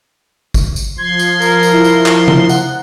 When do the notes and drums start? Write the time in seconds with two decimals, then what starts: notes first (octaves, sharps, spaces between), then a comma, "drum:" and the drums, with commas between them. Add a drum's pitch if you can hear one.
0.54 drum: kick G#1, tambourine
0.76 drum: tambourine
0.98 F3 C6 G#6
1.19 drum: tambourine
1.42 A#4, drum: tambourine
1.63 drum: tambourine
1.72 E4
1.84 drum: tambourine
2.06 drum: clap
2.28 drum: tom C3
2.49 F#5, drum: tambourine